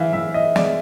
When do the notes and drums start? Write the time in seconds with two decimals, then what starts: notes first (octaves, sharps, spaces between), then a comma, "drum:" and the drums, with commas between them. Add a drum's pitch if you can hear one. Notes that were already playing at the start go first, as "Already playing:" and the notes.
Already playing: E3 E5 F5
0.13 E3 E5
0.34 D#5
0.56 G#3 D5, drum: snare